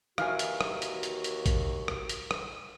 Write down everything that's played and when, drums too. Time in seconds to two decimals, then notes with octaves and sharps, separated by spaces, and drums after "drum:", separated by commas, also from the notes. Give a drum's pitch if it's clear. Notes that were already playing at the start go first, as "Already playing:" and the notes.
0.18 D#2 E3 F#4 F5 G#5, drum: rim click
0.39 drum: hi-hat
0.61 drum: rim click
0.82 drum: hi-hat
1.03 drum: hi-hat
1.24 drum: hi-hat
1.46 drum: kick A1, hi-hat
1.88 drum: rim click
2.09 drum: hi-hat
2.31 drum: rim click